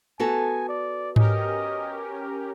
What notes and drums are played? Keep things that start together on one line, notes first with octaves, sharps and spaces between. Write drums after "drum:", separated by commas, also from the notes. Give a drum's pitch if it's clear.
B3 F#4 A4 G#5
D5
C#4 G4 A#4 D#5, drum: tom G#2